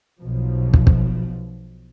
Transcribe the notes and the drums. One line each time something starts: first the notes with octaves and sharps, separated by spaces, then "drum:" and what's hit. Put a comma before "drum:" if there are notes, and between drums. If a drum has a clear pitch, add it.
B1 B2 F3
drum: kick
drum: kick